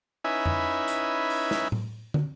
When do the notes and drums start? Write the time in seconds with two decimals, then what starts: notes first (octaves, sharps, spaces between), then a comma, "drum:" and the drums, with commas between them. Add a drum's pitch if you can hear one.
0.24 C#4 D#4 E4 B4 E5 G#5
0.46 drum: tom F2
0.88 drum: hi-hat
1.30 drum: open hi-hat
1.51 drum: snare
1.72 drum: tom A2
2.14 drum: tom